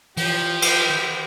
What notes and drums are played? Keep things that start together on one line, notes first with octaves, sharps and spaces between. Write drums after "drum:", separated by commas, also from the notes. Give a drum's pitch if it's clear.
E3 F3 G4, drum: open hi-hat
drum: cymbal